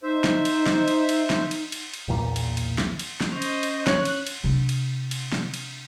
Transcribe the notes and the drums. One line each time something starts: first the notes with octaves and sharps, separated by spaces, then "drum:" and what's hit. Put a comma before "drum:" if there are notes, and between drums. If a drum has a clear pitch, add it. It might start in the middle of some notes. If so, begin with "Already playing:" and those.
D#4 C5 E5
drum: snare
drum: cymbal
drum: snare
drum: cymbal
drum: cymbal
drum: snare
drum: cymbal
drum: cymbal
drum: cymbal
B1 E2 A#2 A#3
drum: cymbal
drum: cymbal
drum: snare
drum: cymbal
drum: snare
C#4 C5 D#5
drum: cymbal
drum: cymbal
C#5 F#6, drum: snare
drum: cymbal
drum: cymbal
C3 D4
drum: cymbal
drum: cymbal
drum: snare
drum: cymbal